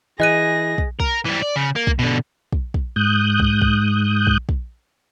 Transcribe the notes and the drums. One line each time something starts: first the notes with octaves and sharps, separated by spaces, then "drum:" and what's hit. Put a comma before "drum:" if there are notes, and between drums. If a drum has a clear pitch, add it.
E3 G#4 D#5 F#6 A#6 D#7
drum: kick
A#4, drum: kick
E3 G3
D5
C#3
A#3
drum: kick
B2 D3
drum: kick
drum: kick
G#2 D#6 F#6 G6
drum: kick
drum: kick
drum: kick
drum: kick